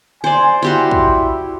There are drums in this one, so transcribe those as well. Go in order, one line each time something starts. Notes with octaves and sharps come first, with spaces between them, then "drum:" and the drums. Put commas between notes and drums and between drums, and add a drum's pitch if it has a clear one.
C5 D5 G#5
E4 F#4 G4 C6
drum: kick